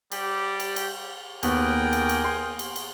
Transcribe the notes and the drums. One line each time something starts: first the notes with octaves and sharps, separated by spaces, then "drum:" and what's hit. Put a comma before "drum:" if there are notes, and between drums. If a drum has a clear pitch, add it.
G3 G4, drum: cymbal
drum: cymbal
drum: cymbal
D#2 B3 G#4 A#4 G5, drum: cymbal
drum: cymbal
drum: cymbal
C6
drum: cymbal
drum: cymbal